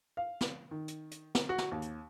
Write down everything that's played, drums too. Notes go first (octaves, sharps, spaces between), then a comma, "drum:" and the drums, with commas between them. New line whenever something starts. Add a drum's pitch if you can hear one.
F5
drum: snare
D#3
drum: hi-hat
drum: hi-hat
drum: snare
F#4
drum: snare
D#2
drum: hi-hat